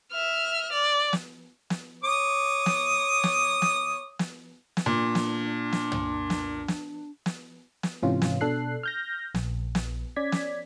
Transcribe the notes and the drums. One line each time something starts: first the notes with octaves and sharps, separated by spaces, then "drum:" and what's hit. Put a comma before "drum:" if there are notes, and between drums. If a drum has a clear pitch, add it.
E5 F6
D5
drum: snare
drum: snare
C#5 D6 D#6
drum: snare
drum: snare
drum: snare
drum: snare
drum: snare
A#2 D4
drum: snare
drum: snare
drum: tom
drum: snare
drum: snare
drum: snare
drum: snare
G#2 C3 E3 C#4 F4
drum: snare
B2 D4 A4 F#6 C7
F6 G6 A#6
A#1, drum: snare
drum: snare
C#4 D5 G#6 B6
drum: snare